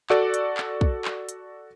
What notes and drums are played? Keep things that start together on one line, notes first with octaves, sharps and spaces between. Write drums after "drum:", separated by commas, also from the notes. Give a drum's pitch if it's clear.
F#4 A4 D5, drum: clap
drum: hi-hat
drum: clap
drum: kick
drum: clap
drum: hi-hat